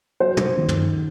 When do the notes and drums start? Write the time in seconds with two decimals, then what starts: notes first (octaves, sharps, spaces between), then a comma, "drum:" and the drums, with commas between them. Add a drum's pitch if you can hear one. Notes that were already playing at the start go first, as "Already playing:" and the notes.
0.20 F#3 C5
0.37 drum: tom
0.57 D#3
0.68 drum: tom